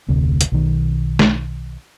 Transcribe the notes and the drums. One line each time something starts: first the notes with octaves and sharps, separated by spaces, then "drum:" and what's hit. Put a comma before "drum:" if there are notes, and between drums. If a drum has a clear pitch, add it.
F1 D2 C3
drum: hi-hat
B1 D#3
drum: snare